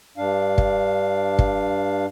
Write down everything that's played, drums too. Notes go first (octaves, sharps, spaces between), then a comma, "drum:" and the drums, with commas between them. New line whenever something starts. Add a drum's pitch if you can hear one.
G2 D4 F5
drum: kick
drum: kick